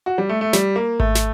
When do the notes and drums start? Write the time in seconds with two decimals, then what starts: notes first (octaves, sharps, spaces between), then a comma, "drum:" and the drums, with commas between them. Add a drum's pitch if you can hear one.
0.06 F#4
0.18 G3
0.29 A3
0.41 A3
0.53 G3, drum: snare
0.76 A#3
1.00 A3, drum: kick G#1
1.15 drum: snare